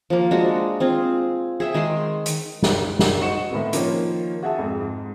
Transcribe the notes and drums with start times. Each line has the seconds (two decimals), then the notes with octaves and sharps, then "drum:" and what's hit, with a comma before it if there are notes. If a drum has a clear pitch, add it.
0.10 F3 A#3
0.31 G#3 D4 F#4
0.80 C4 F4 G#4
1.60 G#4 E5 G5
1.74 D#3 G#3 G5 C6
2.26 drum: hi-hat
2.63 drum: snare
2.99 drum: snare
3.21 F#4 C5 D#5 C#6 C#7 E7
3.50 A2 D#3 B3 C4
3.73 D#3 F3 A#3 C#4 C5 C#5, drum: hi-hat
4.43 F#4 G#4 E5 A5
4.58 F2 G#2
4.80 G#2